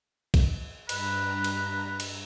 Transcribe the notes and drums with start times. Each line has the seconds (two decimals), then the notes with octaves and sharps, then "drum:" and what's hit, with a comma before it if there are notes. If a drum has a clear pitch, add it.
0.34 drum: kick B1, cymbal
0.89 G2 B4 A#5, drum: cymbal
1.44 drum: cymbal
2.00 drum: cymbal